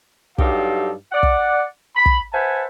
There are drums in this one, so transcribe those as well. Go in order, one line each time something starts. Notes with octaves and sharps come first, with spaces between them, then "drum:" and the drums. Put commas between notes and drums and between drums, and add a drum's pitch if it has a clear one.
G2 F#3 D#4 G4 A4 F5, drum: kick
D5 F#5
drum: kick
B5
drum: kick
B4 C5 E5 F#5 G#5 A5